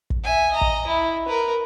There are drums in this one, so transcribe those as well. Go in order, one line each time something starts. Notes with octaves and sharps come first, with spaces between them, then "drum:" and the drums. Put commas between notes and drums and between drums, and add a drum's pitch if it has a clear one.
drum: kick
E5 G#5
D#5 A#5
drum: kick
E4
A#4 B4